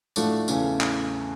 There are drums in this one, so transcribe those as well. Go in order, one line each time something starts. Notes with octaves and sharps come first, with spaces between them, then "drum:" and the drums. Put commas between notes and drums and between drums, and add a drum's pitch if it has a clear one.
A2 F3 A3 D4 F#4, drum: tambourine
E2 C#3 E3 A3 C#4, drum: tambourine
drum: clap